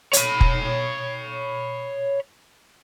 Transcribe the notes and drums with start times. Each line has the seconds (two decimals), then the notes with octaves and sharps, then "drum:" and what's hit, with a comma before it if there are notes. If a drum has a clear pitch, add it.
0.13 C#5 B5, drum: hi-hat
0.41 drum: kick